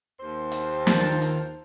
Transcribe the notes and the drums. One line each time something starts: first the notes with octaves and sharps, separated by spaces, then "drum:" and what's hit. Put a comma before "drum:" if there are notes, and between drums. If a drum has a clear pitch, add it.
D#2 C5
drum: hi-hat
D#3 F4 A5, drum: snare
drum: hi-hat